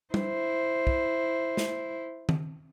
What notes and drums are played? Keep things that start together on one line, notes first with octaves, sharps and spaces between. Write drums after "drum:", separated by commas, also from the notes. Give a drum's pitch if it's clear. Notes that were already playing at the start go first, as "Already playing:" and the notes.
E4 C5, drum: tom
drum: kick
drum: snare
drum: tom D#3